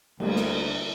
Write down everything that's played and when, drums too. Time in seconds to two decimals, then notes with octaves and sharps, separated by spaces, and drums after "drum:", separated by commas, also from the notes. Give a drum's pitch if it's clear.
0.20 D2 G3 A3 A#3, drum: cymbal
0.36 drum: snare